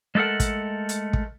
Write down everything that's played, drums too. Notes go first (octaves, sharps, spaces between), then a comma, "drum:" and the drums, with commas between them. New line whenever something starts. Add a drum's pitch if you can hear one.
G#3 A3 A4 A#4 F#5
drum: kick, hi-hat
drum: hi-hat
drum: kick